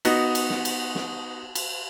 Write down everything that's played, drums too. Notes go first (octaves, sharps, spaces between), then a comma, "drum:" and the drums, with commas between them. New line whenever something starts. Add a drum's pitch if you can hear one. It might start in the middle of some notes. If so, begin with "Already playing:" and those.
B3 D#4 F#4, drum: cymbal
drum: cymbal
drum: snare
drum: cymbal
drum: snare
drum: cymbal